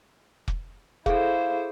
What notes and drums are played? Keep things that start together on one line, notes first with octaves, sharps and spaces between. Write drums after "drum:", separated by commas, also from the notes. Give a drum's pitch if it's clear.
drum: kick
E4 G#4 A4 C5 F5, drum: kick